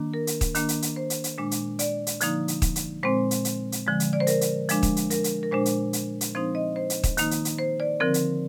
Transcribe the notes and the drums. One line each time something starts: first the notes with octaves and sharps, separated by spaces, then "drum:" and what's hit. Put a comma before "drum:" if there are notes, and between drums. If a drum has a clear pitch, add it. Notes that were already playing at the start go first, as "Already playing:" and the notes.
Already playing: D#3 A#3 D4
A#4
drum: hi-hat
drum: kick, hi-hat
D#3 A#3 D4, drum: hi-hat
drum: hi-hat
drum: hi-hat
C5
drum: hi-hat
drum: hi-hat
A#2 G#3 D4
drum: hi-hat
D5, drum: hi-hat
drum: hi-hat
D3 F3 A#3 D#4, drum: hi-hat
drum: hi-hat
drum: kick, hi-hat
drum: hi-hat
A#2 G#3 C4 C5
drum: hi-hat
drum: hi-hat
drum: hi-hat
D3 F3 G#3
drum: hi-hat
D5
C5
A#4, drum: hi-hat
drum: hi-hat
F3 G#3 D4, drum: hi-hat
drum: kick, hi-hat
drum: hi-hat
A#4, drum: hi-hat
drum: hi-hat
A#4
A#2 G#3 D4 C5
drum: hi-hat
drum: hi-hat
drum: hi-hat
F3 C4 D#4 C5
D#5
C5
drum: hi-hat
drum: kick, hi-hat
D#3 A#3 D#4, drum: hi-hat
drum: hi-hat
drum: hi-hat
C5
D5
D3 F3 C4 A#4
drum: hi-hat